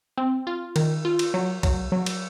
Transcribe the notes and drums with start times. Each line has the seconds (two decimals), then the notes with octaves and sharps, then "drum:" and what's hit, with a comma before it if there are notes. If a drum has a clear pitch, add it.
0.18 C4
0.47 F4
0.76 D#3, drum: cymbal
1.05 F4
1.19 drum: cymbal
1.34 F#3
1.63 F#3, drum: kick, cymbal
1.92 F#3
2.06 drum: cymbal